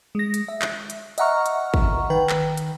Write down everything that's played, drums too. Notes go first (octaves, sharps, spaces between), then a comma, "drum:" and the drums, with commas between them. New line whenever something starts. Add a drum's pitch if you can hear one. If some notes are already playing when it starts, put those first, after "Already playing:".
G#3 A#6
drum: hi-hat
E5
drum: clap
drum: hi-hat
D#5 E5 F#5 A#5 C#6 F6, drum: hi-hat
drum: hi-hat
drum: kick
D#3 B4 G5
drum: clap
drum: hi-hat